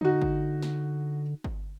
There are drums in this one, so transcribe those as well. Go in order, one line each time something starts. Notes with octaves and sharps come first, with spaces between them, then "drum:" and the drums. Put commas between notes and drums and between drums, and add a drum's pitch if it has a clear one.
D3 D#4 F#4
drum: kick G1
drum: snare
drum: kick G1